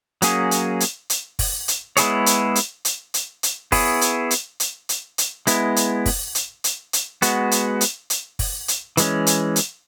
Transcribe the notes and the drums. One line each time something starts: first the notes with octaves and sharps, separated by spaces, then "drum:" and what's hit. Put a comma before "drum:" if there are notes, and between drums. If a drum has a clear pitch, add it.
F#3 A#3 C#4 G#4, drum: hi-hat
drum: hi-hat
drum: hi-hat
drum: hi-hat
drum: kick F#1, open hi-hat
drum: hi-hat
G#3 B3 E4 G#4 C#5, drum: hi-hat
drum: hi-hat
drum: hi-hat
drum: hi-hat
drum: hi-hat
drum: hi-hat
B3 E4 G#4 C#5, drum: kick F#1, open hi-hat
drum: hi-hat
drum: hi-hat
drum: hi-hat
drum: hi-hat
drum: hi-hat
G#3 B3 E4, drum: hi-hat
drum: hi-hat
drum: kick F#1, open hi-hat
drum: hi-hat
drum: hi-hat
drum: hi-hat
G#3 B3 F#4, drum: hi-hat
drum: hi-hat
drum: hi-hat
drum: hi-hat
drum: kick F#1, open hi-hat
drum: hi-hat
E3 G#3 C#4, drum: hi-hat
drum: hi-hat
drum: hi-hat